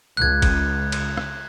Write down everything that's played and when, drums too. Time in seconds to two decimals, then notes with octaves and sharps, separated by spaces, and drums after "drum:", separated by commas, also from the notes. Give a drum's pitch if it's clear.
0.17 C#2 F#6 G#6
0.42 drum: kick, cymbal
0.92 drum: cymbal
1.17 drum: rim click